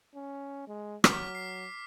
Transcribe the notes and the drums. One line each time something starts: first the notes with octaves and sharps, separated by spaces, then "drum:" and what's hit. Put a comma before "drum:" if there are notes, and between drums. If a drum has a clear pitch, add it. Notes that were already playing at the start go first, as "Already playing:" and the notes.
C#4
G#3
F#3 D6 F6 B6, drum: rim click
C7